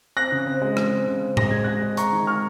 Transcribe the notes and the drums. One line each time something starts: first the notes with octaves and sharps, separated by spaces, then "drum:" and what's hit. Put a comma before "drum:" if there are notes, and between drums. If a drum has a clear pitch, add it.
C4 F#6 A#6
C#3
C4
G#3
G#3, drum: rim click
C4
C#3
C4
G#3 A#6, drum: tom A2
C4 G#6
G#3 F#6 A#6
G#3
G#3 A#5 C#6, drum: hi-hat
D#3
G#3 C#6 F6